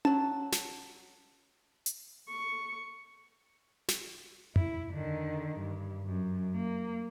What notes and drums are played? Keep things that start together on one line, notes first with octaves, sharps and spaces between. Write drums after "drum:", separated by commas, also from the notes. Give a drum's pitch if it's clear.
F#3 A5, drum: tom C#4
drum: snare
drum: hi-hat
C#6
drum: snare
E4, drum: tom F2
D3 D#3
G2
F#2
A#3